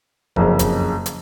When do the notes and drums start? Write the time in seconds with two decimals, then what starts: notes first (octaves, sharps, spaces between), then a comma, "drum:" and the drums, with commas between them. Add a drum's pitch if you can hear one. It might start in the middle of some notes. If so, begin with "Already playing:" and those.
0.36 F#1 F2 C#3, drum: kick F1
0.59 drum: kick F1, hi-hat
1.06 drum: hi-hat